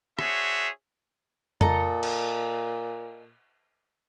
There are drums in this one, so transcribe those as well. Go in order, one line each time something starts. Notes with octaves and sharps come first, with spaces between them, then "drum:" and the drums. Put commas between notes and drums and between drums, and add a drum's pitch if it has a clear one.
D4 F#4 G#4 C5 C#5 E5, drum: rim click
A#2 A4 D#5 A#5, drum: tom F2
drum: cymbal